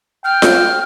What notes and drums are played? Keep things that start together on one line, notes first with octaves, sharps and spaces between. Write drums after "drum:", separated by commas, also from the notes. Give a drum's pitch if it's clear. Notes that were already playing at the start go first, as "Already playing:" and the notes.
G5 F6
drum: snare F4